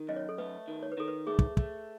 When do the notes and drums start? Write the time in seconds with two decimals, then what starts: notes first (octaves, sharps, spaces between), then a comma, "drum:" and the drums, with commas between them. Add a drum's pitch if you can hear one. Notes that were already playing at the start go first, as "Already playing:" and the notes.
Already playing: D#3
0.08 F#2 D#5
0.16 C#5
0.29 A4
0.38 A3 B4
0.68 D#3
0.83 C#5
0.92 B4
0.97 D#3 A4
1.08 B4
1.27 A3 G#4
1.39 drum: kick
1.57 A3, drum: kick